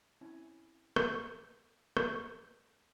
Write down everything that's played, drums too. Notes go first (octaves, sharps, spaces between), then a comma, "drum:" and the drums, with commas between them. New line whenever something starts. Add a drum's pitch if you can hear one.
C4 C#4 E4 G#5
drum: rim click
drum: rim click